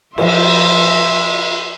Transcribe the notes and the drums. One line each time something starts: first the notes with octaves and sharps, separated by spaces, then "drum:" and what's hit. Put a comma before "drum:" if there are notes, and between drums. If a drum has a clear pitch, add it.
F3 E5 C6, drum: cymbal